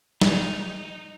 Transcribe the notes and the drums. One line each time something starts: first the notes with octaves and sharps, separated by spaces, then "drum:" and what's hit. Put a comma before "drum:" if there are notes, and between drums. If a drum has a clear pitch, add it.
D#4, drum: snare